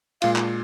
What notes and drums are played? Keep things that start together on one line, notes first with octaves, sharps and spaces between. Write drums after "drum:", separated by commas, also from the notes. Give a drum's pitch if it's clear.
A#2 G#3 F4 F5, drum: cymbal
drum: clap